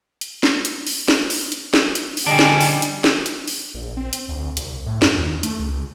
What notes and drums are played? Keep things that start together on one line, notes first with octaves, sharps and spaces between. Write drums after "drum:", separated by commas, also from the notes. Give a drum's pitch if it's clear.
drum: hi-hat
drum: snare
drum: hi-hat
drum: open hi-hat
drum: snare
drum: open hi-hat
drum: hi-hat
drum: snare
drum: hi-hat
drum: open hi-hat
D3 G3 D4 G#4 D#5 D7
drum: snare
drum: open hi-hat
drum: hi-hat
drum: snare
drum: hi-hat
drum: open hi-hat
A#1
C4
drum: hi-hat
D2
C2, drum: hi-hat
A2
F#2, drum: snare
D#2
A3, drum: hi-hat
C#2